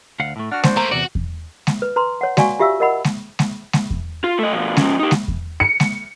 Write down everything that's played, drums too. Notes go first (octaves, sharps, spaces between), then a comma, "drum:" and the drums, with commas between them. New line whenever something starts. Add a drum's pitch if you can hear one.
D2 F5 F#5
A2 A3
D4 F#4 F#5 F6
C4 C5, drum: snare G#3
A3 A#3 A#5
E2 C3 F#4 D5
drum: kick E2
drum: snare G#3
B4
B4 A#5 C6
C#5 F#5
F#4 D5 F5 G#5 C#6, drum: snare G#3
F4 G4 E5 F5 E6
A#4 D#5 F#5 B5
drum: snare G#3
drum: snare G#3
drum: snare G#3
drum: kick E2
F4
A3 D#5
B2 F3
F3 C#4, drum: snare G#3
D#4 G4
drum: snare G#3
drum: kick E2
C#7
drum: snare G#3